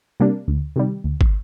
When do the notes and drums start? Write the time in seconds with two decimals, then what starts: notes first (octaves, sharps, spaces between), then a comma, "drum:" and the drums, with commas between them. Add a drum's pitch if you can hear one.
0.20 C3 G3 A#3 D4
0.48 D2
0.76 C3 D#3 G3
1.04 D2
1.21 drum: kick